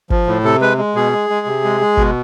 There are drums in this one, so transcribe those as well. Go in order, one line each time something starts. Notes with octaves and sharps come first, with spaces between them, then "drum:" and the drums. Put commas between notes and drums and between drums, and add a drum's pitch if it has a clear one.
F3, drum: kick
A2
C3 A4
G#3 B4
G#3
B2 G#4
G#3
G#3
C3
G#3
G#3
B2, drum: kick